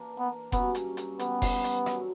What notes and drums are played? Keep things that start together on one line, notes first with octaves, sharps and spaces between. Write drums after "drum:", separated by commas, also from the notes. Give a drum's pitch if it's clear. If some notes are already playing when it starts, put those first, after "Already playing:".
Already playing: E3 A#3 D4 A#4
B3
G2 F#3 B3 C#4, drum: kick F1, hi-hat
drum: hi-hat
drum: hi-hat
E3 G3 B3 C#4, drum: hi-hat
drum: kick F1, open hi-hat
drum: hi-hat
F#2 D3 F#3, drum: rim click